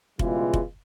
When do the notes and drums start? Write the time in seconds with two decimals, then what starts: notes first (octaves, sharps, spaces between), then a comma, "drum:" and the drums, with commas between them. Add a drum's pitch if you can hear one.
0.19 C#2 B2 E3 G3 G#3 F4, drum: kick F1
0.54 drum: kick F1